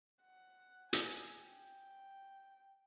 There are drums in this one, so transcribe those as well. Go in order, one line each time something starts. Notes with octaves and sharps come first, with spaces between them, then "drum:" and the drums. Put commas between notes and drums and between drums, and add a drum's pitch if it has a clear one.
F#5
G#5, drum: hi-hat
G5